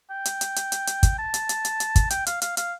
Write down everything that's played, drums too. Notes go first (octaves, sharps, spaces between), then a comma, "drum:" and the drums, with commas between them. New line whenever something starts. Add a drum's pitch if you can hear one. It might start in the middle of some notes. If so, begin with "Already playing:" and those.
G5
drum: hi-hat
drum: hi-hat
drum: hi-hat
drum: hi-hat
drum: hi-hat
drum: kick, hi-hat
A5
drum: hi-hat
drum: hi-hat
drum: hi-hat
drum: hi-hat
drum: kick, hi-hat
G5, drum: hi-hat
F5, drum: hi-hat
F5, drum: hi-hat
F5, drum: hi-hat